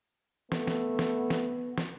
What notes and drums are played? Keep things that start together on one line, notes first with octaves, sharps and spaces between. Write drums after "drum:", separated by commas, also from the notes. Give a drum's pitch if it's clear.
A3 B3, drum: snare
drum: snare
drum: snare
drum: snare
drum: snare